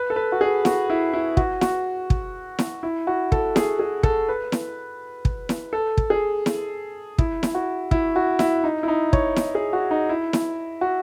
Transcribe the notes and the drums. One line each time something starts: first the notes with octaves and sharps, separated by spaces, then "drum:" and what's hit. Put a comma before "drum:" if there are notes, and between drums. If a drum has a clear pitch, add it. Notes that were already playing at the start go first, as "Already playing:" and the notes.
Already playing: B4
A4
B4
F#4
G#4
F#4, drum: snare E4
E4
E4
F#4, drum: kick
F#4, drum: snare E4
drum: kick
drum: snare E4
E4
F#4
A4, drum: kick
G#4, drum: snare E4
G#4
A4, drum: kick
B4
drum: snare E4
drum: kick
drum: snare E4
A4
drum: kick
G#4
drum: snare E4
E4, drum: kick
drum: snare E4
F#4
E4, drum: kick
F#4
E4, drum: snare E4
D#4
E4
D#4
C#5, drum: kick
drum: snare E4
G#4
F#4
D#4
E4
drum: snare E4
F#4